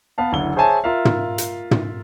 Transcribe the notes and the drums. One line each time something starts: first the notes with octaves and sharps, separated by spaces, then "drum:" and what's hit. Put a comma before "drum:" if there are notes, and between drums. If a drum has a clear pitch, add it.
B3 B4 F5 A5
F#1 D3 E4 G7
G#4 C5 C#5 E5 G#5 A5
F4 A#4 E5 F5
drum: tom
drum: hi-hat
drum: tom